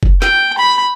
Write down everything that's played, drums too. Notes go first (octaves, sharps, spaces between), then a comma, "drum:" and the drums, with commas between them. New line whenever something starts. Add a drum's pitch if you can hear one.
drum: kick F1
G5, drum: snare
B5